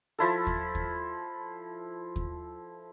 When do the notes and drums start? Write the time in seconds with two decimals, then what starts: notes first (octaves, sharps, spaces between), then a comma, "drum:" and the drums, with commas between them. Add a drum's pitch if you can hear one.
0.18 F3 E4 A4
0.47 drum: kick
0.75 drum: kick
2.16 drum: kick